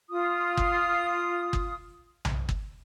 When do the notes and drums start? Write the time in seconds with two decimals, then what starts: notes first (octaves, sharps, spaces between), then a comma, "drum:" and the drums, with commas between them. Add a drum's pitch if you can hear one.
0.10 F4 D#6
0.57 drum: kick
1.53 drum: kick
2.25 drum: tom B1
2.49 drum: kick